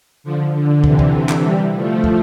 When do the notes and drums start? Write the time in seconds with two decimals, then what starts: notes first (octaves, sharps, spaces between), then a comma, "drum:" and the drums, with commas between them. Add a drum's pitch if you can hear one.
0.24 D3 F3
0.54 D3
0.84 C3 E3, drum: kick
0.99 drum: kick
1.29 drum: clap
1.44 E3 G3
1.73 F3 A3
2.04 drum: kick